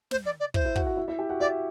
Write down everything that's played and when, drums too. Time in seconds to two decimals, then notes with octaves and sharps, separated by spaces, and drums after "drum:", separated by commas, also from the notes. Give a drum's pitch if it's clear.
0.11 C5, drum: snare
0.25 D5
0.40 D5
0.54 E4 C5 E5, drum: kick
0.65 E4 E5
0.76 F#4 F#5, drum: kick
0.86 F#4 F#5
0.97 E4 E5
1.08 E4 E5
1.18 G4 G5
1.29 F#4 F#5
1.40 E4 D5 E5